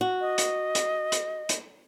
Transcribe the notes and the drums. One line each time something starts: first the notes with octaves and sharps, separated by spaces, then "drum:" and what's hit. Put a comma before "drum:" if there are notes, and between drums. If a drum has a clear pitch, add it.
F#4
D#5
drum: hi-hat
drum: hi-hat
drum: hi-hat
drum: hi-hat